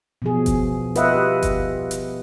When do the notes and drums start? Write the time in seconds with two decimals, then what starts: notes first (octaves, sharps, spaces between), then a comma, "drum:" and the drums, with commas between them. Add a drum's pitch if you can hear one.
0.22 B2 F3 G#4
0.46 drum: kick F#1, hi-hat
0.95 F4 B4 D#5 E5 F#5, drum: hi-hat
1.14 G4
1.42 drum: kick F#1, hi-hat
1.91 drum: hi-hat